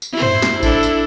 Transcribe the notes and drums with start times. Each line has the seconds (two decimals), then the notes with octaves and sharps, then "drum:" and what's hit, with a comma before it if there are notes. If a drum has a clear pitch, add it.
0.02 drum: tambourine
0.12 E4 C5
0.22 drum: tom
0.42 drum: snare
0.63 D4 E4 A4, drum: kick A1, tambourine
0.83 drum: tambourine